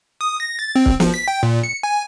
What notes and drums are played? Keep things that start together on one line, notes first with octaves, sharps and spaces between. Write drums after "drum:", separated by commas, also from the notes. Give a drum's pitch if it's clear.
D#6
A#6
A6
C4
drum: kick
F3, drum: snare
B6
G5
A#2
C#7
G#5